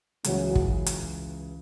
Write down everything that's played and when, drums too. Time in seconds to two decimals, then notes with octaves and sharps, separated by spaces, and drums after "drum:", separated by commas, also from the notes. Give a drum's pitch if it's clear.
0.24 C#2 C#3 E3 F#3, drum: hi-hat
0.55 drum: kick
0.86 drum: hi-hat